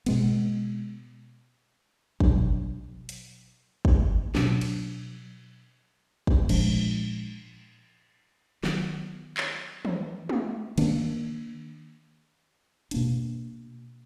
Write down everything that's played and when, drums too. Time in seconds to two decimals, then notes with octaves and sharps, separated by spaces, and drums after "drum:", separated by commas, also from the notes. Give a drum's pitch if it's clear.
0.06 B2 G#3 B3, drum: cymbal
2.20 B2 F#3 D4, drum: kick
3.09 drum: hi-hat
3.85 drum: kick
4.35 B2 F#3 D4, drum: snare
4.61 drum: cymbal
6.27 drum: kick
6.49 A#2 F3 G#3 D4, drum: cymbal
8.63 D#3 F#3 B3, drum: snare
9.37 drum: clap
9.85 drum: tom
10.29 drum: tom
10.78 D#3 A#3 D4, drum: cymbal
12.91 B2 A#3 D4, drum: hi-hat